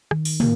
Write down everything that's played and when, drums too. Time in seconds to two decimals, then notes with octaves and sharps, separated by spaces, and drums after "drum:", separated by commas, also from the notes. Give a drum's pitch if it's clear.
0.11 D#3, drum: rim click
0.25 drum: open hi-hat
0.40 A#3, drum: tom